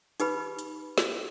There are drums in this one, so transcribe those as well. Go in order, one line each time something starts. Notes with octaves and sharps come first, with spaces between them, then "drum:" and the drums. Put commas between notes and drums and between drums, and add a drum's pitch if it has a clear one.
D#4 G4 B4 B5, drum: hi-hat
drum: hi-hat
drum: snare